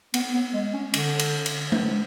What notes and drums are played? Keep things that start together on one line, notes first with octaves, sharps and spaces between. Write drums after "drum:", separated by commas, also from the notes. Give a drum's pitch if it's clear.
B3, drum: cymbal
B3
G#3
C#4
D3, drum: cymbal
drum: cymbal
drum: cymbal
drum: tom G#3